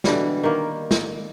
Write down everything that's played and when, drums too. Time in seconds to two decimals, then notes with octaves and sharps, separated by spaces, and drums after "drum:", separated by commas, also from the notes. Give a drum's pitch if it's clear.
0.04 B2 D3 E3 G3, drum: snare
0.43 D#3 A#3
0.91 drum: snare